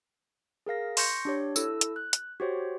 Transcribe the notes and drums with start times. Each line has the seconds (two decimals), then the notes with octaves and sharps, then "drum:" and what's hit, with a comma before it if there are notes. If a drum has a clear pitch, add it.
0.66 G#4 A#4 F5 A#6
0.97 C6 C#6 G6 A#6 C#7, drum: open hi-hat
1.25 D4 G4 C#5
1.56 E4 A4 E6, drum: tambourine
1.81 drum: hi-hat
1.96 F#6
2.13 drum: hi-hat
2.40 F#4 G4 C5 C#5